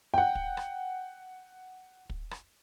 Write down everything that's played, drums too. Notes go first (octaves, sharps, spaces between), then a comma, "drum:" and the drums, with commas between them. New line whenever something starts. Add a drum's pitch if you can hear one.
F#5 G5
drum: kick
drum: rim click
drum: kick
drum: rim click